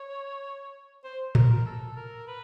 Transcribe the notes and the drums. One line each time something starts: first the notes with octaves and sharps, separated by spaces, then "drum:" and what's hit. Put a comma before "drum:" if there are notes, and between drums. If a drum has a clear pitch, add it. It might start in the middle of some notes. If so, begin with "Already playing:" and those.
Already playing: C#5
C5
A#4, drum: tom A2
A#4
A4
A#4
B4